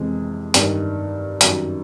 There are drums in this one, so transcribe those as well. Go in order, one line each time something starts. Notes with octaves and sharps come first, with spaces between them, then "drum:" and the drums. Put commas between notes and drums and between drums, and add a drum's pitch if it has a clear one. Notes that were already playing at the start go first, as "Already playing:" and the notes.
Already playing: F2 C3 E3 G#3
G2 D#3 G3, drum: hi-hat
F#2 D#3 G3, drum: hi-hat